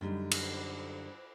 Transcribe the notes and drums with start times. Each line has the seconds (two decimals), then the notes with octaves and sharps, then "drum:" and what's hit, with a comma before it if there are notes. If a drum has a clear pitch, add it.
0.01 F#2 D3 G3 D#4
0.31 drum: cymbal